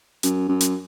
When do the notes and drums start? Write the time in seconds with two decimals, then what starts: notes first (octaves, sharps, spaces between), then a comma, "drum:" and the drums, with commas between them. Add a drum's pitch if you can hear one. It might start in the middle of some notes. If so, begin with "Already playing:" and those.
0.23 F#2, drum: hi-hat
0.48 F#2
0.61 drum: hi-hat